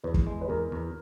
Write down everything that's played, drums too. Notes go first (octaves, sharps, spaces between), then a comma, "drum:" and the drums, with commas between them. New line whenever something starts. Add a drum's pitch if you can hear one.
E2 B4
drum: kick
G#3
B4
E2 A#4
E2